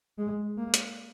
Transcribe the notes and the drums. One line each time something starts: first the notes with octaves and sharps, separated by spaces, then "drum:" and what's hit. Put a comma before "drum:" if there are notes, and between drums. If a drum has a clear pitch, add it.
G#3
A#3
drum: hi-hat